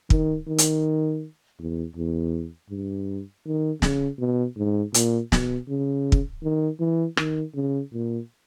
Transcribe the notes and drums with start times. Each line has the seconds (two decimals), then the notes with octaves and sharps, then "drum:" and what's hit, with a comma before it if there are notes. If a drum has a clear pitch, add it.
0.10 D#3, drum: kick
0.48 D#3
0.58 drum: hi-hat
1.59 E2
1.96 E2
2.70 G2
3.46 D#3
3.82 C#3, drum: snare
4.19 B2
4.57 G#2
4.94 A#2, drum: hi-hat
5.32 B2, drum: snare
5.69 C#3
6.12 drum: kick
6.43 D#3
6.80 E3
7.17 D#3, drum: rim click
7.55 C#3
7.93 A#2